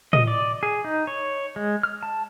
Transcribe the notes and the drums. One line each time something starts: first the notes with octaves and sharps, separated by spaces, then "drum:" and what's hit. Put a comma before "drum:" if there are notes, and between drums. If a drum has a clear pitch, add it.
D#5, drum: tom
D5
G#4
D#4
C#5
G#3
F6
A5